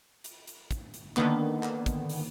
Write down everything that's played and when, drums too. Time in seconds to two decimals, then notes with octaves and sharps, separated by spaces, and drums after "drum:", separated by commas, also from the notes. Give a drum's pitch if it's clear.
0.24 drum: hi-hat
0.47 drum: hi-hat
0.71 drum: kick, hi-hat
0.94 drum: hi-hat
1.17 D3 D#3 A#3 B3, drum: clap
1.63 drum: clap
1.86 drum: kick, hi-hat
2.09 drum: open hi-hat